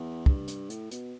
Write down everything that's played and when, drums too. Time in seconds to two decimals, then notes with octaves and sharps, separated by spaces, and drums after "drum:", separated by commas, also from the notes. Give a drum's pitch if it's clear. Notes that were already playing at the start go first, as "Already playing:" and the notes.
Already playing: E2
0.26 G2, drum: kick
0.47 drum: hi-hat
0.70 A2, drum: hi-hat
0.91 B2, drum: hi-hat